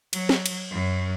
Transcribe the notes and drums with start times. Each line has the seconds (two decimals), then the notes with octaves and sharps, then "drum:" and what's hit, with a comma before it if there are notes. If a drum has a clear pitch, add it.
0.13 F#3, drum: cymbal
0.29 drum: snare
0.46 drum: cymbal
0.71 F#2